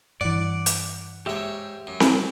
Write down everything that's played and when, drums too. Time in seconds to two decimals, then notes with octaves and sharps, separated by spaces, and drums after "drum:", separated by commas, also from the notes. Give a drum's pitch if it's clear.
0.21 G2 E3 D5 F#5
0.66 drum: hi-hat
1.26 G#2 G4 C#5 E5
1.87 F#2
2.00 drum: snare C4